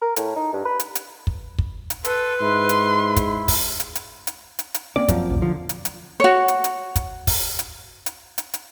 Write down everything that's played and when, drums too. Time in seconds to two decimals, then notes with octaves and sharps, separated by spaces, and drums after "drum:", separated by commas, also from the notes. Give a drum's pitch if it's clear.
0.01 A#4
0.16 A2, drum: hi-hat
0.36 D#4
0.53 G2
0.65 B4
0.80 drum: hi-hat
0.95 drum: hi-hat
1.27 drum: kick
1.59 drum: kick
1.90 drum: hi-hat
2.04 A4 B4 C6 E6, drum: hi-hat
2.41 G#2 E4 C6
2.69 drum: hi-hat
3.16 drum: kick, hi-hat
3.48 drum: kick, open hi-hat
3.80 drum: hi-hat
3.95 drum: hi-hat
4.27 drum: hi-hat
4.59 drum: hi-hat
4.74 drum: hi-hat
4.96 A#3 C4 C#4 D5
5.08 F#2 F3, drum: kick, hi-hat
5.30 A#1 E2
5.42 D3 F3
5.69 drum: hi-hat
5.85 drum: hi-hat
6.20 F#4 C#5
6.48 drum: hi-hat
6.64 drum: hi-hat
6.96 drum: kick, hi-hat
7.27 drum: kick, open hi-hat
7.59 drum: hi-hat
8.06 drum: hi-hat
8.38 drum: hi-hat
8.54 drum: hi-hat